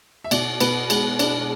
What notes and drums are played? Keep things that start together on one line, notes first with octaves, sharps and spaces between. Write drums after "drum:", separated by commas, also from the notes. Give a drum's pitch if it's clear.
E5
B2 D5, drum: cymbal
B2 B4, drum: cymbal
G#3, drum: cymbal
D4, drum: cymbal